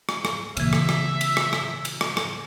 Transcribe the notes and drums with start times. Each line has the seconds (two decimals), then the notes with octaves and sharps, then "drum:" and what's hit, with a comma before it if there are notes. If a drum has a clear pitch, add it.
0.09 drum: rim click
0.25 drum: rim click
0.57 A#2 C#3 E3 C4 E5, drum: cymbal
0.73 drum: rim click
0.89 drum: rim click
1.21 drum: cymbal
1.37 drum: rim click
1.53 drum: rim click
1.85 drum: cymbal
2.01 drum: rim click
2.17 drum: rim click